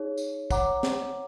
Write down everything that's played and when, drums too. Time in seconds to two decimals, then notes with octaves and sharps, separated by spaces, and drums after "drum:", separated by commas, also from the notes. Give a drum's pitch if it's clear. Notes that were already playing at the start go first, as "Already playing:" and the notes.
Already playing: D#4 G#4 C#5
0.18 drum: tambourine
0.50 C#5 F#5 A#5 D6, drum: kick, tambourine
0.83 drum: snare